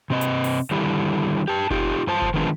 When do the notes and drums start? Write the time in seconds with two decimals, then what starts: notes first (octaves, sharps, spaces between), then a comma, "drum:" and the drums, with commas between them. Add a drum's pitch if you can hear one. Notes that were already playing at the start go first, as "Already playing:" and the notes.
0.10 C3 C4 D#5
0.21 drum: hi-hat
0.44 drum: open hi-hat
0.71 D3 D#3 G3 D4 E4 G4
1.48 G4 A5
1.71 D#4 F4 G4, drum: kick F#1
2.07 G2 F4 C5 A5
2.22 drum: kick F#1
2.34 D#3 F3 G#3 B3 D4 F4